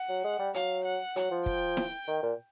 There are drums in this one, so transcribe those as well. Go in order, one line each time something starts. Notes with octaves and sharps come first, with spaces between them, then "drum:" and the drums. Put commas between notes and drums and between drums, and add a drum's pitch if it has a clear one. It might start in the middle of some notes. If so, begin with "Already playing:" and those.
Already playing: F#5
F#3
G#3
G3
F#3 F5, drum: hi-hat
F#5
F#3, drum: hi-hat
F3
G5, drum: kick
drum: snare E4
D#3
A#2